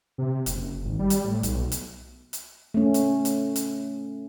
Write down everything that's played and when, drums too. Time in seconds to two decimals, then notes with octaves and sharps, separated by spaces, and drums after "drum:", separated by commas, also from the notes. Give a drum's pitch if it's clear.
0.18 C3
0.46 F#1, drum: hi-hat
0.84 G#1
0.99 G3
1.10 drum: hi-hat
1.24 A2
1.43 B1, drum: hi-hat
1.72 drum: hi-hat
2.33 drum: hi-hat
2.74 A3 C#4
2.94 drum: hi-hat
3.25 drum: hi-hat
3.56 drum: hi-hat